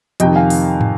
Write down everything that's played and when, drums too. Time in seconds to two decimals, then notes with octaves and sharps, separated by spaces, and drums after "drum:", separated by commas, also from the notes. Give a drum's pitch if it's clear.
0.20 F2 C3 D#3 D#5 G5, drum: hi-hat
0.36 F5 G#5
0.50 drum: open hi-hat
0.81 drum: tom